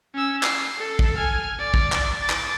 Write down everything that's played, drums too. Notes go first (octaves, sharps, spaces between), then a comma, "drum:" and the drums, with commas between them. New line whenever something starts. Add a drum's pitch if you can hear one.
C#4 E6
C7, drum: clap
A4
drum: kick
G#5 F6
D5
drum: kick
drum: clap
D6 A6
drum: clap